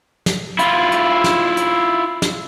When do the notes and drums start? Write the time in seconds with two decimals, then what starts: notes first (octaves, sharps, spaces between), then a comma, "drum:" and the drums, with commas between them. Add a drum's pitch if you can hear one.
0.26 drum: snare
0.59 E4 F4, drum: hi-hat
0.92 drum: hi-hat
1.24 drum: snare
1.57 drum: hi-hat
2.22 drum: snare